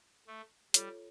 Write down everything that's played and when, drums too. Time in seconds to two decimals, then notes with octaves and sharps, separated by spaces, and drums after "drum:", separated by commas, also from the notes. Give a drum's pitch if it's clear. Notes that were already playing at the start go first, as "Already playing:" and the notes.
0.27 A3
0.74 G3 F4 A4 C#5, drum: hi-hat